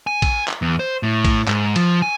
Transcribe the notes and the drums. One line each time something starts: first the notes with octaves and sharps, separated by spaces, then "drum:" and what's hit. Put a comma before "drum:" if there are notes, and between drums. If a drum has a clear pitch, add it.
G#5
drum: kick A#1, cymbal
drum: clap
E2
C5
A2
drum: kick A#1, cymbal
G#2, drum: clap
F3, drum: cymbal
G#5